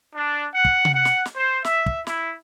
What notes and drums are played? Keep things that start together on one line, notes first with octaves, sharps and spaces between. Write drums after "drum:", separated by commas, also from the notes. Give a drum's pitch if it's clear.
D4
F#5
drum: kick
drum: tom C3
F#5
drum: snare
drum: snare
C5
E5, drum: snare
drum: kick
E4, drum: snare